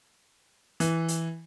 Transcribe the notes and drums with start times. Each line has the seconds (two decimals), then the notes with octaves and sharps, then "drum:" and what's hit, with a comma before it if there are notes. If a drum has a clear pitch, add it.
0.80 E3, drum: hi-hat
1.08 drum: hi-hat